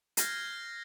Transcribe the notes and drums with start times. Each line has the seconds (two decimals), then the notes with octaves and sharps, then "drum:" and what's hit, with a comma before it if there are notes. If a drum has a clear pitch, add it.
0.17 F6 G6 G#6 A#6 C7, drum: hi-hat